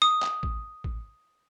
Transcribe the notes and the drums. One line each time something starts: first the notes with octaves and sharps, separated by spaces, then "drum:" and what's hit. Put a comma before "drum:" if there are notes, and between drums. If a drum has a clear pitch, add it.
D#6
drum: clap
drum: kick A1
drum: kick A1